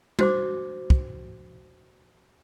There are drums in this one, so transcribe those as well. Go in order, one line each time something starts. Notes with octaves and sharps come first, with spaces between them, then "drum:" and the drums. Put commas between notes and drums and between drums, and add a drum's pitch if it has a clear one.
F#4 C5 D6, drum: tom G3
drum: kick